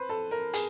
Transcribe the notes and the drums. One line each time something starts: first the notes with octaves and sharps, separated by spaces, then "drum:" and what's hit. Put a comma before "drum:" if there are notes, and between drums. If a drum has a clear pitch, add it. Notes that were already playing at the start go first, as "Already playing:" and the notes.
Already playing: B4 C5
A4
A#4
G#4, drum: hi-hat